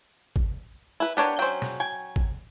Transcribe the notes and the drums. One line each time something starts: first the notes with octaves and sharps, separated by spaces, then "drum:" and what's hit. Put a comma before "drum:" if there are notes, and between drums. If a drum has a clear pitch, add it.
drum: kick
E4 B4
B3 D4 G4 A#4 B4 C#5
F#3 C#4 C5 G5
drum: snare
G5 G#5
drum: kick